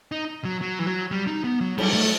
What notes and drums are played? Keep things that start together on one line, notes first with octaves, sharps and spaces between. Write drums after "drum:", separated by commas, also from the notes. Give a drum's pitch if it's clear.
D#4
F#3
F#3
E3
F#3
G3
D#4
B3
F#3
G3, drum: cymbal
A3